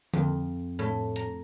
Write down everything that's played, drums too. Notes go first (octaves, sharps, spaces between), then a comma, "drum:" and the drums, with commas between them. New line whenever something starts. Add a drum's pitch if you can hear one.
F2, drum: tom D3
A2
A#5, drum: hi-hat